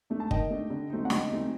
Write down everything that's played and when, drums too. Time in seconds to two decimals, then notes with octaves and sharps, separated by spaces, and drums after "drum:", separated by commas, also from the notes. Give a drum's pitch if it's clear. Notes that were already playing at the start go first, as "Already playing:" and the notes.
0.10 A3 D4
0.20 A5
0.31 D#3 D#5 G5, drum: kick
0.50 A3 D4
0.70 D3
0.90 F#3 A3 C4 D#4
1.05 F#5
1.10 D3 D#5 G5, drum: snare
1.30 F#3 A3 C4 D#4